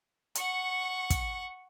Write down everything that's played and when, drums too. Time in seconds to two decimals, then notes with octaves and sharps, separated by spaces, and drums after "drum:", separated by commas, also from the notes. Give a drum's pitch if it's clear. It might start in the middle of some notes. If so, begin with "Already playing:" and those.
0.35 F#5 C#6, drum: hi-hat
1.10 drum: kick, hi-hat